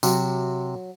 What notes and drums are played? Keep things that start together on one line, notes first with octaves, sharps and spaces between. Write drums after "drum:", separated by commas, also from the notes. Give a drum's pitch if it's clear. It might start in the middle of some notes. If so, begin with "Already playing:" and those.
C3 F#3 F#4, drum: tambourine